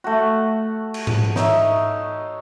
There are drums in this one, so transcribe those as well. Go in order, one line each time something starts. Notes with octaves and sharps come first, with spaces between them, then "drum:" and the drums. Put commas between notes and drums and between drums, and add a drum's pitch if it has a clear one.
A3 F#4
drum: cymbal
drum: tom G#2
D#4 C#5 E5, drum: snare